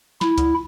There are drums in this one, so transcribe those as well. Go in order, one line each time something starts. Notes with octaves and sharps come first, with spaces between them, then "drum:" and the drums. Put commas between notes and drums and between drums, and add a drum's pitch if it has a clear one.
E4, drum: snare
drum: kick C#2, hi-hat